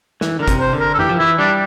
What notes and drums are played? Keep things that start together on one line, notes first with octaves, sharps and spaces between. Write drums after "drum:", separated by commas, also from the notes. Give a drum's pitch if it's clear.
E3, drum: snare
D3 A#4
C3, drum: kick, hi-hat
C5
D3
A#4
A4
E3 G4, drum: tom F#2
F3
E3 E4
G3 D4